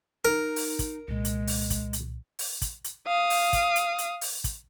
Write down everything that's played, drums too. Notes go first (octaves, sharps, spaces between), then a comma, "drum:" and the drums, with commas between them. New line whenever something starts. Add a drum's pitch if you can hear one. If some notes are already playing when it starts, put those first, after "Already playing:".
D#4 A#4
drum: open hi-hat
drum: kick, hi-hat
C2 A#2 G#3
drum: hi-hat
drum: open hi-hat
drum: kick, hi-hat
drum: hi-hat
drum: open hi-hat
drum: kick, hi-hat
drum: hi-hat
F5 D#6
drum: open hi-hat
drum: kick, hi-hat
drum: hi-hat
drum: hi-hat
drum: open hi-hat
drum: kick, hi-hat